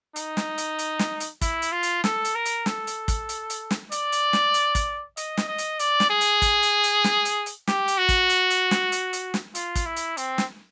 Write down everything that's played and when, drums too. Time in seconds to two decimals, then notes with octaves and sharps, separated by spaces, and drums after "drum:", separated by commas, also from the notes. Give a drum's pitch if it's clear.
0.16 D#4, drum: hi-hat
0.37 drum: snare
0.58 drum: hi-hat
0.79 drum: hi-hat
0.99 drum: snare
1.20 drum: hi-hat
1.41 E4, drum: kick, hi-hat
1.62 drum: hi-hat
1.72 F4
1.83 drum: hi-hat
2.04 A4, drum: snare
2.25 drum: hi-hat
2.35 A#4
2.45 drum: hi-hat
2.66 A4, drum: snare
2.87 drum: hi-hat
3.08 drum: kick, hi-hat
3.29 drum: hi-hat
3.50 drum: hi-hat
3.71 drum: snare
3.92 D5, drum: hi-hat
4.12 drum: hi-hat
4.33 drum: snare
4.54 drum: hi-hat
4.75 drum: kick, hi-hat
5.17 D#5, drum: hi-hat
5.37 drum: snare
5.48 D#5
5.58 drum: hi-hat
5.79 D5, drum: hi-hat
6.00 drum: snare
6.10 G#4
6.21 drum: hi-hat
6.42 drum: kick, hi-hat
6.63 drum: hi-hat
6.83 drum: hi-hat
7.04 drum: snare
7.25 drum: hi-hat
7.46 drum: hi-hat
7.67 G4, drum: snare
7.88 drum: hi-hat
7.98 F#4
8.09 drum: kick, hi-hat
8.29 drum: hi-hat
8.50 drum: hi-hat
8.71 drum: snare
8.92 drum: hi-hat
9.13 drum: hi-hat
9.34 drum: snare
9.55 F4, drum: hi-hat
9.75 drum: kick, hi-hat
9.86 E4
9.96 drum: hi-hat
10.17 C4, drum: hi-hat
10.38 drum: snare